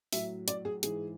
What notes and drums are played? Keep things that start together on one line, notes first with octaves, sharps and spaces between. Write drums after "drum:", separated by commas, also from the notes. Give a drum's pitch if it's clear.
A2 F#3 E5, drum: open hi-hat
D5, drum: hi-hat
G#4
G#2 E3 G#4, drum: hi-hat